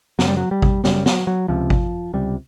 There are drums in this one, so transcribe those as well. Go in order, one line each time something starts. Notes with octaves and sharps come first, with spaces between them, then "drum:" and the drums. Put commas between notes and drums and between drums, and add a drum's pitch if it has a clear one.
F#2 C#3 F#3, drum: snare
G3
F#3
G3
drum: kick G#1
F#2 C#3 G3, drum: snare
F#3, drum: snare
F#3
C#2 C3 F3
drum: kick G#1
C#2 C3 G3